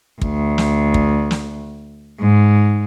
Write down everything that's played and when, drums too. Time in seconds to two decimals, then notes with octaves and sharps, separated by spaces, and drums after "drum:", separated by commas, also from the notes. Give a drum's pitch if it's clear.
0.22 D2, drum: kick
0.58 drum: snare
0.94 drum: kick
1.31 drum: snare
2.20 G#2